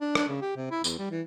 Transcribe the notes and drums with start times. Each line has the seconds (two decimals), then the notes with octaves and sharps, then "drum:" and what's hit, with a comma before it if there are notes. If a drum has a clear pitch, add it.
0.01 D4
0.15 D4, drum: rim click
0.29 C#3
0.41 G4
0.57 C3
0.71 E4
0.84 E2, drum: tambourine
0.98 G3
1.11 E3